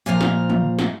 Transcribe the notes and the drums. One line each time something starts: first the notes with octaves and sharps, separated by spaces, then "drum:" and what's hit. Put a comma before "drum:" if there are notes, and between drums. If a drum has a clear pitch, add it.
A#2 F3 C5 F5 A#5
drum: snare
drum: tom
drum: snare